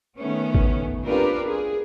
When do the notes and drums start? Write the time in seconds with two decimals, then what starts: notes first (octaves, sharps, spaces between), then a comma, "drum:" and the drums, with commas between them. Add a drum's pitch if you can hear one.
0.18 D#3 A3 B3 C#4
0.55 drum: kick G#1
1.06 C4 D4 F4 G4 A#4 B4
1.46 G#4